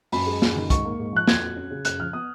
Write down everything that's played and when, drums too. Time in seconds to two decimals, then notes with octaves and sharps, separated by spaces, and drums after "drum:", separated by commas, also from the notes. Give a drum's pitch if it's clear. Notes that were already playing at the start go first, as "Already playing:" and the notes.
0.12 F#2 B5, drum: open hi-hat
0.27 G#3
0.42 F#2, drum: snare
0.56 D#3
0.70 G#2 C#6, drum: kick, hi-hat
0.85 A#3
1.00 G#2
1.13 F3 F#6
1.28 F2 G#6, drum: snare
1.42 F#3
1.56 C#4
1.71 C#3
1.85 F#2 F#6, drum: hi-hat
1.99 F3 F6
2.13 B3 D#6